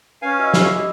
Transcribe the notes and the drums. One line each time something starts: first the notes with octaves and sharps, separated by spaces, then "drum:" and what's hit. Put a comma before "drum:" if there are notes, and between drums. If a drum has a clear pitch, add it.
C#4 B4 F5 G#5
E4 F#4 D#5
G4, drum: snare
D#5